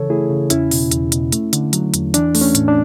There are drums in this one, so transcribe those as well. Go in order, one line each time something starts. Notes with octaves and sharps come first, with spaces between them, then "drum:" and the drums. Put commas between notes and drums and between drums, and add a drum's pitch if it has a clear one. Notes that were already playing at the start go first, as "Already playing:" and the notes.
Already playing: C#3 E3 A4 C#5
A3 E4 G#4
C#3
E2 C#4 E4, drum: hi-hat
B2, drum: open hi-hat
E2, drum: hi-hat
B2, drum: hi-hat
A3, drum: hi-hat
D3, drum: hi-hat
F#3, drum: hi-hat
E2, drum: hi-hat
E3 D4, drum: hi-hat
A3, drum: open hi-hat
C#4
A2, drum: hi-hat
D4